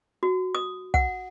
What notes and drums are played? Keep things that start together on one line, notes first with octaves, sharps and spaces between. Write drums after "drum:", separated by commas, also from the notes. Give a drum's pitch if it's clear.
F#4
D#6
F#5, drum: kick